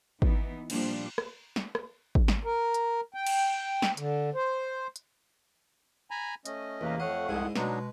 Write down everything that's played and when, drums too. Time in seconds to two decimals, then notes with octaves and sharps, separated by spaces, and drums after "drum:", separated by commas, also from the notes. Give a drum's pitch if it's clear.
0.22 E3 B3 D#4, drum: kick G#1
0.70 A#2 F3 G3 D4, drum: cymbal
1.18 drum: rim click
1.56 drum: snare
1.75 drum: rim click
2.15 drum: kick G#1
2.28 drum: snare
2.45 A#4
2.74 drum: hi-hat
3.14 G5
3.27 drum: cymbal
3.82 drum: snare
3.97 D3, drum: hi-hat
4.35 C5
4.96 drum: hi-hat
6.11 G#5 A#5 B5
6.45 A3 C#4 D#5, drum: hi-hat
6.81 E2 C3 A#3 B4
7.00 F2 A3 C#5 D#5 F5 F#5
7.28 C2 G#2 G#3 E4 G#4
7.56 B2 F#3 G#3 D4 D#4 B4, drum: snare